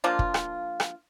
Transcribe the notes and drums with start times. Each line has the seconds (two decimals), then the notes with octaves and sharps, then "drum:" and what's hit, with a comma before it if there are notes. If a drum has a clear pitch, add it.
0.04 F3 A#3 D4 F4
0.19 drum: kick
0.34 drum: rim click
0.80 drum: rim click